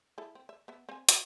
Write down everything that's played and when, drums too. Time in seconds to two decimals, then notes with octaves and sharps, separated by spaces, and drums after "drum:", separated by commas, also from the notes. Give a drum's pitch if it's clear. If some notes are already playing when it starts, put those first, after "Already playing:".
0.18 E4 G#4 A4
0.35 C4
0.49 E5
0.68 B3 E5
0.89 C4 G#5
1.09 F#4, drum: hi-hat